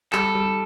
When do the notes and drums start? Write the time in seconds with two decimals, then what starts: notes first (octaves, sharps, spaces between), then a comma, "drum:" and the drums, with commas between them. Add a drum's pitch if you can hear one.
0.13 G3 A4, drum: clap
0.35 G3